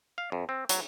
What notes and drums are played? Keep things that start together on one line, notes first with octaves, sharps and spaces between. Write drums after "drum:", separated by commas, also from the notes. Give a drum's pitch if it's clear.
F5
F2
C4
F#3, drum: hi-hat